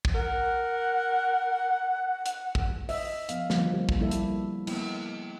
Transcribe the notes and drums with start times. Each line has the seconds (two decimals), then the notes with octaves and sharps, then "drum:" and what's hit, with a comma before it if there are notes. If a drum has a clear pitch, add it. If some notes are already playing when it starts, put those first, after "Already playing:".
0.05 drum: kick
0.15 A#4 F#5
2.26 drum: hi-hat
2.55 drum: kick
2.89 D#5 E5, drum: open hi-hat
3.29 F3 B3 F5, drum: hi-hat
3.50 D3 F3 G3 A#3 C4 D4, drum: snare
3.74 G4
3.89 drum: kick
3.99 G3 A#3 E4 A4 D5 E5
4.11 drum: hi-hat
4.67 A#3 B3 E4, drum: cymbal